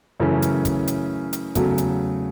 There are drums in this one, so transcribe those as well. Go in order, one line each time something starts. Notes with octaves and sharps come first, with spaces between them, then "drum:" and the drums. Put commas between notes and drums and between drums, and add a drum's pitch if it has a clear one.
F#2 C#3 E3 A3 C#4
drum: hi-hat
drum: kick, hi-hat
drum: hi-hat
drum: hi-hat
E2 C#3 F#3 A3, drum: kick, hi-hat
drum: hi-hat